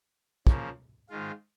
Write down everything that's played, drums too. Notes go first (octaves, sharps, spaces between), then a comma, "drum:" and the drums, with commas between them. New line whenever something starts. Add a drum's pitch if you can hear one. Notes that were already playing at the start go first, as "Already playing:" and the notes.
C#3 F3 A#3, drum: kick
G#2 D#3 G#3 F4